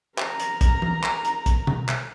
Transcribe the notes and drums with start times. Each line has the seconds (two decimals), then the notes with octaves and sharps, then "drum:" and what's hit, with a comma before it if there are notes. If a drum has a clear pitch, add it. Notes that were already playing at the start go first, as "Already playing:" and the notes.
0.18 A#4 A#5, drum: clap
0.40 drum: hi-hat
0.61 drum: kick, hi-hat
0.82 drum: tom
1.03 drum: clap
1.25 drum: hi-hat
1.46 drum: kick, hi-hat
1.67 drum: tom
1.89 drum: clap